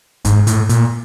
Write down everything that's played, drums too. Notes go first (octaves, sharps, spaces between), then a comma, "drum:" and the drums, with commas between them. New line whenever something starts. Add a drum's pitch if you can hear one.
G#2, drum: kick F#2, hi-hat
A2, drum: hi-hat
A#2, drum: hi-hat